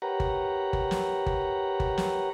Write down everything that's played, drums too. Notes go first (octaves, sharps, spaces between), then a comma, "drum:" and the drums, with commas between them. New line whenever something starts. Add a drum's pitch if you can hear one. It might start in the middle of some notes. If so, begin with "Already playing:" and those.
G4 A#4 B4 C#5 F#5 A#5
drum: kick G1
drum: kick G1
drum: snare
drum: kick G1
drum: kick G1
drum: snare